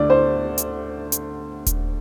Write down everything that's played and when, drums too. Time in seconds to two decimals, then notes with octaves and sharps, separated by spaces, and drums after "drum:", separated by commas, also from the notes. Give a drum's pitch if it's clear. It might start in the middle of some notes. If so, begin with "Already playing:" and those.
Already playing: D2 D3 A3 D5
0.10 C5
0.58 drum: hi-hat
1.12 drum: hi-hat
1.66 drum: kick D#1, hi-hat